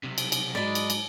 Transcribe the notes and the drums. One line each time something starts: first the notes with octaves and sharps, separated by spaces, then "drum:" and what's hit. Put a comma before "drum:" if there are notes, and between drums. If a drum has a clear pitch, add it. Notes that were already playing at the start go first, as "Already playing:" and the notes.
B1 C3
drum: cymbal
drum: cymbal
G#2 F#3 G#3 D5 B5
drum: cymbal
drum: cymbal